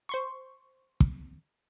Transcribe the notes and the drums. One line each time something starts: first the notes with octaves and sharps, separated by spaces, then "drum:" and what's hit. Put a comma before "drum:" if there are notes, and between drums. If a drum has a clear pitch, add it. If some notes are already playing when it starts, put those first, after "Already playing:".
C5 C6 C#6
drum: kick